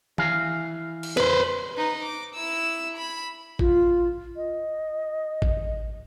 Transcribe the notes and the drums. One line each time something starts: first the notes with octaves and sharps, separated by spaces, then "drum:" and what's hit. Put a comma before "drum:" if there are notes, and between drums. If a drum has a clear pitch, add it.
E3 F5, drum: tom D#3
drum: cymbal
B4 C5, drum: snare
D#4 B4
D6
E4 E6
B5
F4, drum: kick
D#5
drum: kick